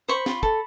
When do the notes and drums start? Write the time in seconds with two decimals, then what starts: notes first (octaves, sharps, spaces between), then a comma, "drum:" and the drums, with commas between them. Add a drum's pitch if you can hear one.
0.08 C5 B5 C#6
0.26 F4, drum: snare C4
0.43 A4, drum: kick